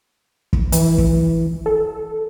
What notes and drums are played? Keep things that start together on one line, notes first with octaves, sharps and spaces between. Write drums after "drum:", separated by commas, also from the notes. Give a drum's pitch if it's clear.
drum: kick
E3, drum: hi-hat
drum: kick
A4